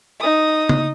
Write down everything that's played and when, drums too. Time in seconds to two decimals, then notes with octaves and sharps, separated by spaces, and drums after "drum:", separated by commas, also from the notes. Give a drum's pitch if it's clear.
0.20 D#4 D#6
0.69 drum: tom C#3